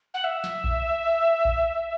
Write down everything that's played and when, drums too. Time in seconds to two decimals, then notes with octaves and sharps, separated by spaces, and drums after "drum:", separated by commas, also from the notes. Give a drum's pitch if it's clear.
0.14 F#5
0.24 E5
0.44 drum: snare
0.64 drum: kick A#1
1.45 drum: kick A#1